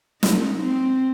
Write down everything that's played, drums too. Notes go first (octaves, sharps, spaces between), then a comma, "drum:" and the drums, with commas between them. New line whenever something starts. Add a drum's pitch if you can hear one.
D#4, drum: snare
C4